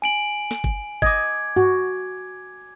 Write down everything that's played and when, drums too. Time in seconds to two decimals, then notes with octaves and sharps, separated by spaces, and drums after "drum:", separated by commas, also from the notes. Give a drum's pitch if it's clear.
0.02 G#5 D7 F#7
0.51 drum: snare
0.64 drum: kick
1.02 D#5 D6 G#6, drum: kick
1.57 F#4, drum: tom G2